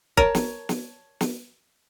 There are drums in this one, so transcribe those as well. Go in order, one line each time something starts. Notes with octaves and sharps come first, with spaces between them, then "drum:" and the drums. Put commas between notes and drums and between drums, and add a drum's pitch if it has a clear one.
A#4 C#5 A5, drum: kick
drum: snare
drum: snare
drum: snare